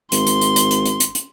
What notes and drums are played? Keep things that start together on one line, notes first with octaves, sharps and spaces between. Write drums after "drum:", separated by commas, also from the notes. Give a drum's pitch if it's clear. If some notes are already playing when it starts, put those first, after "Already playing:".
G#1 C6, drum: hi-hat
drum: hi-hat
drum: hi-hat
drum: hi-hat
drum: hi-hat
drum: hi-hat
drum: hi-hat
drum: hi-hat